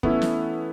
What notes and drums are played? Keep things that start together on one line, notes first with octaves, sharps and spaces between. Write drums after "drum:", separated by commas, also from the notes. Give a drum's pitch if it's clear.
E3 A3 B3 C#4 E4, drum: kick
drum: snare